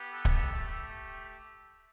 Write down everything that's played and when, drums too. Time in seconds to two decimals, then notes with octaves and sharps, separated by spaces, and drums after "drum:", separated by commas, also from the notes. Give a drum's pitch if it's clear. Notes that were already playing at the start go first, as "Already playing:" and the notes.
Already playing: B3 G4
0.10 A4
0.25 drum: kick D1
0.52 A3 G4